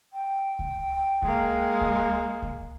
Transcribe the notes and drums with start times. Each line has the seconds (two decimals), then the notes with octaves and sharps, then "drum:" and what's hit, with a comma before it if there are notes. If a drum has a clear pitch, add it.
0.13 G5
0.59 drum: kick C#2
1.22 G#3 A#3, drum: kick C#2
1.81 drum: kick C#2
2.42 drum: kick C#2